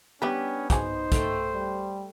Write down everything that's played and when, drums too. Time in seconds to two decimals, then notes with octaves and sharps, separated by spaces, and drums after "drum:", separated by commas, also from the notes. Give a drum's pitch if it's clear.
0.22 G3 B3 C#4 D4 G4 B4
0.70 D#4 F#4 G#4 C5, drum: kick, hi-hat
1.12 A3 G5, drum: kick, hi-hat
1.53 G3